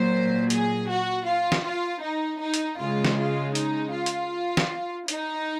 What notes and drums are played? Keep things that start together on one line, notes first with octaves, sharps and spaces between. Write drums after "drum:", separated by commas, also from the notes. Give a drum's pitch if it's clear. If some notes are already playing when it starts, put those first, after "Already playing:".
Already playing: A#2 F#3 C5
G#4, drum: hi-hat
F#4
F4
drum: snare
F4
D#4
D#4
drum: hi-hat
C#3 G#3 F4
drum: snare
F4
D#4, drum: hi-hat
F4
drum: hi-hat
drum: snare
D#4, drum: hi-hat